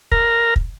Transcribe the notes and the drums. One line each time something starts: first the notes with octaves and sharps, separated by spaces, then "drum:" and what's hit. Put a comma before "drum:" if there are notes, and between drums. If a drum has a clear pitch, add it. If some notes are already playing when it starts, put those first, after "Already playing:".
A#4, drum: kick
drum: kick